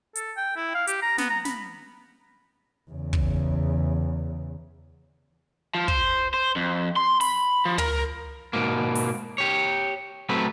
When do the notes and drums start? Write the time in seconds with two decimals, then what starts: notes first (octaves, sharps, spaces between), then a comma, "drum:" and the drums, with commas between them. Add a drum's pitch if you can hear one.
0.15 A4, drum: hi-hat
0.37 G5
0.56 E4
0.74 F5
0.87 G4, drum: hi-hat
1.02 A#5
1.18 B3, drum: snare
1.30 A#5
1.45 B5, drum: snare
2.91 E2 C#3
3.13 drum: kick
5.75 F3
5.88 C5, drum: kick
6.34 C5
6.56 F2
6.96 C6
7.21 B5, drum: open hi-hat
7.65 F3
7.78 A#4, drum: tom
8.53 G#2 B2 A#3
8.95 drum: open hi-hat
9.38 G4 C#5
10.29 F#3 A3 C4 B4